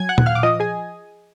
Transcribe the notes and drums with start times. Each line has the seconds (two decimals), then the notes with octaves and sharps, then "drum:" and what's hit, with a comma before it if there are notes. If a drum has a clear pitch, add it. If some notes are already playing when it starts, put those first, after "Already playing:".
Already playing: F#3 G#5 G#6
0.09 F#5 F#6
0.18 D#2, drum: tom A#2
0.26 F5 F6
0.35 D6
0.43 F3 D#5 D#6
0.60 G#4 G#5